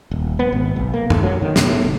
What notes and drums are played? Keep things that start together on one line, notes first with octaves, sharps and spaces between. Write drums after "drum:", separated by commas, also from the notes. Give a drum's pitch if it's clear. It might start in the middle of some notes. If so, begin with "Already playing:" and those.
D#1
B3
G#1
B1
A#3
A3, drum: tom F#2
F#3
D#3
B2, drum: snare
A3
F#1